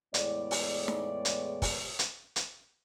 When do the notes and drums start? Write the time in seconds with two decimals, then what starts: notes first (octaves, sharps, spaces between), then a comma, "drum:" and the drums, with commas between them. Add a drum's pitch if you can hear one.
0.14 E2 A2 G#3 B3 C#5 D5, drum: hi-hat
0.51 drum: open hi-hat
0.88 drum: snare D#4
1.25 drum: hi-hat
1.62 drum: kick, open hi-hat
1.99 drum: hi-hat
2.36 drum: hi-hat